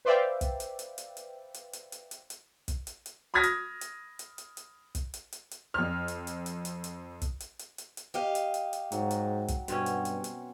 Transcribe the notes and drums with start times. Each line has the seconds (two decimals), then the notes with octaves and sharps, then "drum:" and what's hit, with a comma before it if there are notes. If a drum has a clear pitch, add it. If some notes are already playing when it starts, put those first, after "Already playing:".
0.05 B4 C5 D5 E5 F5 G5
0.41 drum: kick, hi-hat
0.60 drum: hi-hat
0.79 drum: hi-hat
0.98 drum: hi-hat
1.17 drum: hi-hat
1.54 drum: hi-hat
1.73 drum: hi-hat
1.92 drum: hi-hat
2.11 drum: hi-hat
2.30 drum: hi-hat
2.68 drum: kick, hi-hat
2.87 drum: hi-hat
3.06 drum: hi-hat
3.34 B5 D#6 F6 G#6 A#6 B6
3.43 drum: hi-hat
3.81 drum: hi-hat
4.19 drum: hi-hat
4.38 drum: hi-hat
4.57 drum: hi-hat
4.95 drum: kick, hi-hat
5.14 drum: hi-hat
5.32 drum: hi-hat
5.51 drum: hi-hat
5.74 F2 F6
6.08 drum: hi-hat
6.27 drum: hi-hat
6.46 drum: hi-hat
6.65 drum: hi-hat
6.84 drum: hi-hat
7.22 drum: kick, hi-hat
7.40 drum: hi-hat
7.59 drum: hi-hat
7.78 drum: hi-hat
7.97 drum: hi-hat
8.14 G4 D#5 F5
8.35 drum: hi-hat
8.54 drum: hi-hat
8.73 drum: hi-hat
8.92 G#2 F#3, drum: hi-hat
9.11 drum: hi-hat
9.48 drum: kick, hi-hat
9.68 G2 B2 C4 C#4 C5 F#5, drum: hi-hat
9.86 drum: hi-hat
10.05 drum: hi-hat
10.24 drum: hi-hat